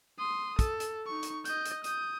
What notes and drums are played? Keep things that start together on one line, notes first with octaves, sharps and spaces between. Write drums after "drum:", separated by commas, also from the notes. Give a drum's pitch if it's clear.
C6 D#6
A4, drum: kick, hi-hat
drum: hi-hat
D#4 C#6
drum: hi-hat
D#5 G6, drum: hi-hat
drum: hi-hat
D#6 G6, drum: hi-hat